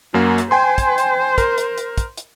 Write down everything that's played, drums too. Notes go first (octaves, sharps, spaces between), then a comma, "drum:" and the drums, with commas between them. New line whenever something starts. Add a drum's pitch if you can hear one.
F#2 A#3 F#4
drum: hi-hat
C5 G5 G#5 C6
drum: kick, hi-hat
drum: hi-hat
A#4, drum: kick, hi-hat
drum: hi-hat
drum: hi-hat
drum: kick, hi-hat
drum: hi-hat